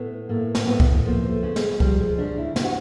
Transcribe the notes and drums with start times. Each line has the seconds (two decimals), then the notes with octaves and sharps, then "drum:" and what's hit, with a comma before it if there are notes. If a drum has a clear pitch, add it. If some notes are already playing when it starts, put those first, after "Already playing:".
Already playing: A2 B3
0.29 A2 A#3
0.55 drum: snare
0.67 A2 B3
0.80 drum: kick C2
1.05 F3 A#3
1.30 A3
1.43 C#3
1.56 G#3, drum: snare
1.80 F3 G3, drum: kick C2
2.00 G#3
2.18 C#3 D4
2.38 E4
2.56 C3 F4, drum: snare
2.64 F#4